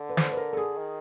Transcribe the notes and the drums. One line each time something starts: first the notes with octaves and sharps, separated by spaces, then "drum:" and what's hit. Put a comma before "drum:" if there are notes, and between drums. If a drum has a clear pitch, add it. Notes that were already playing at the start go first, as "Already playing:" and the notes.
Already playing: D3
B4
C5, drum: snare
B4
A#4
A4
G#4
D#3